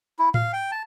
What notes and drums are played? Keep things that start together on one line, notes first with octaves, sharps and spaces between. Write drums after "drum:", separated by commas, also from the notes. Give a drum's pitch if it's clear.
E4
F5, drum: tom A2
G5
A5